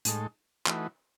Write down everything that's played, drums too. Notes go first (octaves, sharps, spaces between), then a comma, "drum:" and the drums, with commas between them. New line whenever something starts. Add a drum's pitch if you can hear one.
A2 G#3 D#4 A4, drum: hi-hat
E3 A3 D#4 F#4 B4, drum: clap